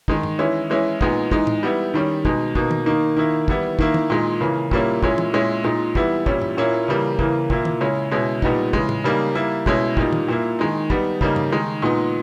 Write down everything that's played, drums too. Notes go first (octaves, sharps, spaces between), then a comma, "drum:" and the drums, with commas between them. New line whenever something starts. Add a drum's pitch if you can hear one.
D#3 G#3 D#4, drum: kick
drum: tom G2
E3 G#3 C#4 E4
E3 G#3 C#4 E4
A#2 G#3 B3 D#4, drum: kick
E3 G#3 D#4, drum: kick
drum: tom
G3 B3 E4
D#3 G3 C#4
B2 G#3 D#4, drum: kick
B2 A#3 D#4, drum: kick
drum: tom
D#3 A#3 D#4
D#3 A#3 E4
E3 G3 B3 E4, drum: kick
D#3 A#3 E4, drum: kick
drum: tom
A#2 G#3 D#4
C#3 E3 A#3
A#2 G3 A#3 C#4 E4, drum: kick
A#2 G#3 C#4 E4, drum: kick
drum: tom
A#2 G#3 C#4 E4
A#2 G#3 D#4
E3 G3 B3 E4, drum: kick
A#2 G3 C#4 E4, drum: kick
drum: tom G2
A#2 A#3 C#4 E4
C#3 E3 G3 A#3
C#3 E3 A#3, drum: kick
A#2 A#3 E4, drum: kick
drum: tom
C#3 G#3 C#4 E4
B2 G#3 C#4 E4
A#2 G3 B3 D#4, drum: kick
C#3 E3 G#3, drum: kick
drum: tom
C#3 G3 A#3 D#4
G3 A#3 E4
B2 G#3 C#4 E4, drum: kick
A#2 G3 A#3 D#4, drum: kick
drum: tom
A#2 A#3 E4
D#3 G#3 D#4
G3 B3 D#4, drum: kick
C#3 G3 A#3 D#4, drum: kick
drum: tom G2
D#3 G#3 D#4
A#2 G#3 B3 D#4